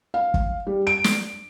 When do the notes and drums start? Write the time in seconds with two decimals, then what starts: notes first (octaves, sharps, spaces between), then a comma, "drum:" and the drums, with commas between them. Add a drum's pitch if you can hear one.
0.14 F5
0.34 drum: kick
0.67 G3
0.87 D7
1.04 drum: snare